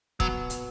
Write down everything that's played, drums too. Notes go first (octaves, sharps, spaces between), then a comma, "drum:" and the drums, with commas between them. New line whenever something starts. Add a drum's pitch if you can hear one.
B2 F#3, drum: kick
drum: hi-hat